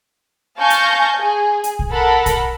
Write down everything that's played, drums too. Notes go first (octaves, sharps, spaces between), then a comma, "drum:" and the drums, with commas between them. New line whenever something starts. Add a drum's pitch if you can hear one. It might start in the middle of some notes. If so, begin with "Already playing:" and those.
F5 G#5 A5 C#6 G6 A#6
drum: hi-hat
G#4
drum: hi-hat
drum: kick
A4 A#4 F#5 B5
drum: kick, hi-hat